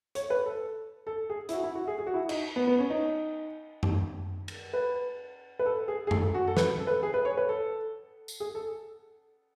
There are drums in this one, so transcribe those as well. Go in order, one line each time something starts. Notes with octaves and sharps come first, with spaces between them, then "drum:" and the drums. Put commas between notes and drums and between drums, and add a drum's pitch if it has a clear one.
C#5, drum: hi-hat
B4
A4
A4
G#4
E4, drum: hi-hat
F#4
E4
F#4
G#4
G#4
F#4
E4
D#4, drum: cymbal
B3
B3
C#4
D#4
drum: tom F#2
drum: cymbal
B4
B4
A4
G#4
G#4
A4, drum: tom F#2
F#4
A4
B4, drum: snare
A4
B4
G#4
B4
C#5
B4
A4
drum: tambourine
G#4
A4